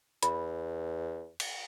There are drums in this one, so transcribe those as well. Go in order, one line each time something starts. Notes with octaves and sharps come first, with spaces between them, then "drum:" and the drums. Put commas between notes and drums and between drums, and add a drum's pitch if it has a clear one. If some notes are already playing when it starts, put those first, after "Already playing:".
E2 B5, drum: hi-hat
drum: cymbal